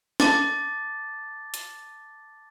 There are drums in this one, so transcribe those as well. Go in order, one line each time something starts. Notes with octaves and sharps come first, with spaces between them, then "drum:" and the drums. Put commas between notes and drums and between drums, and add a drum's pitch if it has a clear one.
A5 D6 A6, drum: snare
drum: hi-hat